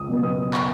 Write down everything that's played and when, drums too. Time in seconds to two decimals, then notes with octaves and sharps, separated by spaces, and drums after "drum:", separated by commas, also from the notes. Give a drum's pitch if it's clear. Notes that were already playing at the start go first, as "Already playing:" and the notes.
Already playing: C#2 D#6
0.08 B2 F#3 B3
0.23 D#6
0.54 C#6, drum: clap